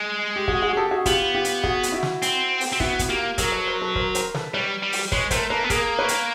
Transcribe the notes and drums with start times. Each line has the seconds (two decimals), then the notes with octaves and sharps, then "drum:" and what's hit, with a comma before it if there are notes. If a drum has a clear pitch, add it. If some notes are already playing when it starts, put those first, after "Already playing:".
Already playing: G#3
0.36 G4
0.48 F#4 G#4, drum: kick
0.62 F#4 G#4
0.73 G#4
0.77 G4 A4
0.91 F#4 G#4
1.06 B3 F4 G4, drum: kick, hi-hat
1.35 F4 G4
1.45 drum: hi-hat
1.64 F#4 G#4, drum: kick
1.83 drum: hi-hat
1.92 E4 F#4
2.03 drum: snare
2.22 C4, drum: hi-hat
2.61 drum: open hi-hat
2.72 C4
2.80 B3 E4 F#4, drum: kick
2.99 drum: kick, hi-hat
3.08 A#3 F4 G4
3.38 F#3 G#4 A#4, drum: kick, hi-hat
3.52 A4 B4
3.67 A#4 C5
3.81 A4 B4
3.95 A#4 C5, drum: kick
4.15 A#4 C5, drum: hi-hat
4.35 A4 B4, drum: snare
4.54 G3 B4 C#5
4.83 G3
4.92 drum: open hi-hat
5.12 G#3 B4 C#5, drum: kick
5.31 A3 A#4 C5, drum: kick, hi-hat
5.50 A#3 A4 B4
5.64 B3
5.70 A#3 G#4 A#4, drum: kick, hi-hat
5.99 B4 C#5
6.08 drum: hi-hat